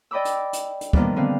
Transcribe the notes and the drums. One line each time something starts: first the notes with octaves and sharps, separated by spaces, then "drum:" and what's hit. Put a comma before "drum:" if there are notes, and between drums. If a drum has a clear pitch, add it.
D5 D#5 G5 B5 D6 E6
drum: hi-hat
drum: hi-hat
drum: hi-hat
D#3 F3 G3 A#3 B3 D4, drum: kick
D3 B3 C4 F5